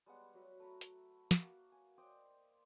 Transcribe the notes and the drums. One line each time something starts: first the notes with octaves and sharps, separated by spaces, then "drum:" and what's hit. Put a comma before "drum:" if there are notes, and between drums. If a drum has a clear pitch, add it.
G3 G#3 B3 F#5
F#3 F#4 B4 E5
A3 A#5 B5
drum: hi-hat
A#3 F#4 A5, drum: snare
G#5
C5 D5 D#5 G5